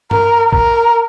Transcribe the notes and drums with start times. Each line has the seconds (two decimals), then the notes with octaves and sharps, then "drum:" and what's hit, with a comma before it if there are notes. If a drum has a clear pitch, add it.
0.11 A#4, drum: tom G2
0.53 A#4, drum: kick